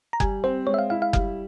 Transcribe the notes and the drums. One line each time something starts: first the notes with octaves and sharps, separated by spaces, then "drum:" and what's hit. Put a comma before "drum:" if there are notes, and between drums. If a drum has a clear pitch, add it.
A#5
G3 G#5, drum: kick F#1
C4 C5
G#3 C#5
E5
F5
E4 F5
F5
G3 F5, drum: kick F#1